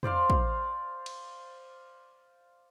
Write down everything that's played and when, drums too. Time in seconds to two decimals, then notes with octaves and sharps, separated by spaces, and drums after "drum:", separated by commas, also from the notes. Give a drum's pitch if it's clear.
0.03 C5 D5 F5 C6, drum: tom
0.30 drum: kick
1.06 drum: cymbal